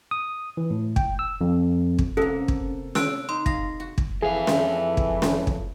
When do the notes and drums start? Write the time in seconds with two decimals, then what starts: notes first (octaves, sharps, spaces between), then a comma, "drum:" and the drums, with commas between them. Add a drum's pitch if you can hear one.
0.11 D#6
0.57 E3
0.71 A2
0.96 G5, drum: kick
1.19 E6
1.41 F2
1.99 drum: kick
2.17 C3 A#3 C#4 A4
2.48 drum: kick
2.95 E6 F#6 D7, drum: snare
3.29 D#4 C6
3.46 F4 G#4 F5 A#6, drum: kick
3.80 F#4
3.98 drum: kick
4.23 F2 E3 G#4 A4 E5 F5
4.47 drum: snare
4.97 drum: kick
5.22 drum: snare
5.47 drum: kick